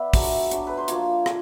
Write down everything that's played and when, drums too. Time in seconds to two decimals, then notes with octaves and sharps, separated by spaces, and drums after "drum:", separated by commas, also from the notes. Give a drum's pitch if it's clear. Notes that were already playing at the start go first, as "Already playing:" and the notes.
Already playing: B3 D5 E5
0.13 F#3 A3 D4, drum: kick, open hi-hat
0.51 F#3 A3 D4, drum: hi-hat
0.67 B4
0.77 C5
0.88 F3 A#3 D4 F4 C#5, drum: hi-hat
1.26 D4 F4, drum: rim click